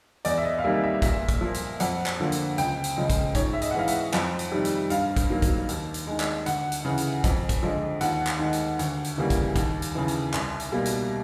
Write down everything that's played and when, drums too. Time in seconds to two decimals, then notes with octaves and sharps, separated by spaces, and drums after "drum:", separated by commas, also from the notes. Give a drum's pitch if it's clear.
0.25 E2 D5, drum: hi-hat
0.38 E5
0.45 D#5
0.58 F5
0.64 C3 D#3 G3 A#3 E5
0.84 E5
1.02 A#2 E5, drum: kick, hi-hat
1.29 drum: kick, hi-hat
1.41 F3 A#3
1.54 drum: hi-hat
1.80 F2 F#5, drum: hi-hat
2.06 drum: clap
2.20 D3 F3 A#3
2.32 drum: hi-hat
2.58 C#2 G5, drum: hi-hat
2.84 drum: hi-hat
2.97 C#3 F3 G#3
3.10 drum: kick, hi-hat
3.35 G#2 C#5, drum: kick, hi-hat
3.53 E5
3.62 D#5, drum: hi-hat
3.71 F#5
3.74 E3 G#3 F5
3.88 E5, drum: hi-hat
4.14 F2, drum: clap
4.39 drum: hi-hat
4.52 C3 D#3 G3
4.65 drum: hi-hat
4.90 G2 F5, drum: hi-hat
5.17 drum: kick, hi-hat
5.30 D#3 F#3 A#3
5.42 drum: kick, hi-hat
5.69 D#2, drum: hi-hat
5.94 drum: hi-hat
6.07 D#3 G#3
6.20 drum: clap
6.46 D2 F#5, drum: hi-hat
6.72 drum: hi-hat
6.85 C#3 E3
6.98 drum: hi-hat
7.24 F2, drum: kick, hi-hat
7.49 drum: kick, hi-hat
7.62 D3 F3 G#3
8.01 D#2 F#5, drum: hi-hat
8.27 drum: clap
8.39 D#3 G#3
8.53 drum: hi-hat
8.79 D2, drum: hi-hat
9.04 drum: hi-hat
9.18 C#3 E3 G3 A#3
9.30 drum: kick, hi-hat
9.56 D#2, drum: kick, hi-hat
9.82 drum: hi-hat
9.95 C#3 E3
10.08 drum: hi-hat
10.34 C2, drum: clap
10.60 drum: hi-hat
10.72 B2 G3 A#3
10.86 drum: hi-hat